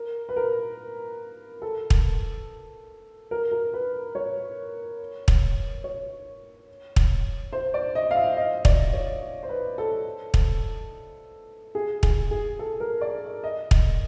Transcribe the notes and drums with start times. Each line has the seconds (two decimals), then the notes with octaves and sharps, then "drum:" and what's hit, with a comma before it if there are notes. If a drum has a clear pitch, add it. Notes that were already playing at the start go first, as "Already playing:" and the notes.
Already playing: A#4
0.29 B4
0.36 A#4
1.62 A4
1.90 drum: kick
3.31 A#4
3.52 A#4
3.74 B4
4.15 C#5
5.28 drum: kick
5.84 C#5
6.96 drum: kick
7.53 C5
7.74 D5
7.95 D#5
8.11 F5
8.16 E5
8.37 D#5
8.65 D5, drum: kick
8.93 C#5
9.43 C5
9.49 B4
9.78 A4
10.34 drum: kick
11.75 G#4
12.03 G#4, drum: kick
12.31 G#4
12.59 A4
12.80 A#4
13.01 D5
13.44 D#5
13.71 drum: kick